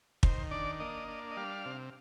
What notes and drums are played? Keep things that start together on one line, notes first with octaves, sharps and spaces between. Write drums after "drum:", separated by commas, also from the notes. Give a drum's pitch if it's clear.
D#3 C5, drum: kick
D4 D5
A#3 D#5
D4
D#5
G3 F5
C3